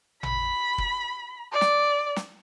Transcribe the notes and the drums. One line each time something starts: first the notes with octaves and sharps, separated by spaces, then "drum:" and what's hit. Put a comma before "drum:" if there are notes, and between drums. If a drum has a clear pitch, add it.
B5, drum: tom A1
drum: kick
D5
drum: snare
drum: snare